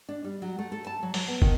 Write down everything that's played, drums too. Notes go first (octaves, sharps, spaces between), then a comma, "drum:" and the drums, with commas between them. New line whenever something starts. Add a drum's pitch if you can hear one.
D4
G3
F#3
A3
A4
A5
F#3
F#3, drum: open hi-hat
B3
D#3, drum: kick